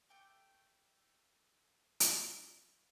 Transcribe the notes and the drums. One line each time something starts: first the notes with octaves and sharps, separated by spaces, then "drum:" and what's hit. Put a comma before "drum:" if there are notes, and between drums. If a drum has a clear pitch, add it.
A3 G5 D6
drum: hi-hat